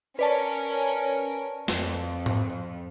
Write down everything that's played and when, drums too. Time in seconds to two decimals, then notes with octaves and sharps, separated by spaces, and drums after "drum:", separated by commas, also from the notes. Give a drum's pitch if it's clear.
0.19 C#4 A#4 B4 D5 A5
1.68 F2, drum: snare
2.26 drum: tom G#2